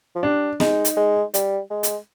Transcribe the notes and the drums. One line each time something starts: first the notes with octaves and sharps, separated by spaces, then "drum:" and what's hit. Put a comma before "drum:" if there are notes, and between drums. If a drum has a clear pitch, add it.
F3
G3 D4
G#3 D#4, drum: snare
drum: hi-hat
G#3
G3, drum: hi-hat
G#3
drum: hi-hat